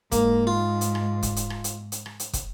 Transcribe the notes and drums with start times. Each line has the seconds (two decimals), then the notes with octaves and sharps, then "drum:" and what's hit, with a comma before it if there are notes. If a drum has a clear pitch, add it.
0.12 G#2 A#3, drum: kick, hi-hat
0.47 F4
0.81 drum: hi-hat
0.95 drum: rim click
1.23 drum: kick, hi-hat
1.36 drum: hi-hat
1.50 drum: rim click
1.64 drum: hi-hat
1.92 drum: hi-hat
2.06 drum: rim click
2.20 drum: hi-hat
2.33 drum: kick, hi-hat